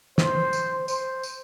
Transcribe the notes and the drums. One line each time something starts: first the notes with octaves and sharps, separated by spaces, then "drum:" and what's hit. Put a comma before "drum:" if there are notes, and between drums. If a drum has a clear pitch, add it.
C5, drum: snare
drum: tambourine
C5, drum: tambourine
drum: tambourine